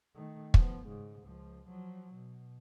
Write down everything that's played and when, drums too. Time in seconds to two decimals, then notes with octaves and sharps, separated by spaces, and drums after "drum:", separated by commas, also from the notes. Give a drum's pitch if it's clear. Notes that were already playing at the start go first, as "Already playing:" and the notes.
0.15 D#3 A3
0.54 F3 B3, drum: kick
0.87 G#2 C#3
1.22 C#2 F3
1.68 F3 F#3
2.15 B2